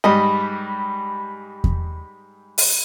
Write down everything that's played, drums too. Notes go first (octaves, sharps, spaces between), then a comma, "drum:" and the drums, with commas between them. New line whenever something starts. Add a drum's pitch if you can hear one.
G#2 G3 D#5 B5
drum: kick E2
drum: open hi-hat